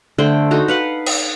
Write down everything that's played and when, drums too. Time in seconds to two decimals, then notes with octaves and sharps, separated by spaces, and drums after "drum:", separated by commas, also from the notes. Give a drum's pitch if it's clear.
0.18 D3 A3 C5 G5
0.51 D#4 F#4 A4 A#5
0.68 B4 F5 F#5
1.06 drum: cymbal